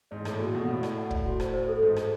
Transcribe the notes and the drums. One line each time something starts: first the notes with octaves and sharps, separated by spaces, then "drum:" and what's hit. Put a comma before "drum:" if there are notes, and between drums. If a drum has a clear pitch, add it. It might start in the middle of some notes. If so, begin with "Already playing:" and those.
G#2 D5
A2 A4, drum: rim click
A#2 F#4
B2 F#5
A2 D5
D5, drum: rim click
F#5
D5, drum: kick
F#4
C5, drum: rim click
C5
A4
G#2 C5
C5, drum: rim click